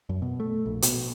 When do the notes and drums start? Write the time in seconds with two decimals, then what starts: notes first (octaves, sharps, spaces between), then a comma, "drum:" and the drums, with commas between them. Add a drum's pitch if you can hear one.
0.09 F#2
0.22 B2
0.40 A3
0.66 A#1
0.82 B2, drum: hi-hat